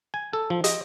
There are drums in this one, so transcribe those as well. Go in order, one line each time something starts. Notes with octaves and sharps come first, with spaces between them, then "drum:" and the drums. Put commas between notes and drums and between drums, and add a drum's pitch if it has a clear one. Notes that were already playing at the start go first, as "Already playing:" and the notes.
G#5
A4
F3
D#5, drum: hi-hat